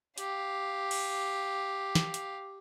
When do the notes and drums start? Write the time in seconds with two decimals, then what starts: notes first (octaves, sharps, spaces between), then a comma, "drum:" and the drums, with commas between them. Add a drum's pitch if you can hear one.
0.18 G4 F5, drum: hi-hat
0.91 drum: cymbal
1.95 drum: snare
2.14 drum: hi-hat